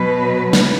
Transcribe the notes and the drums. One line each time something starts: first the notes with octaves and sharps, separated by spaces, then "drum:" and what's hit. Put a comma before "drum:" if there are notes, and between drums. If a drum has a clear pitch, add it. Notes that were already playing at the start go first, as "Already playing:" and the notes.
Already playing: B2 F#3 B4
drum: snare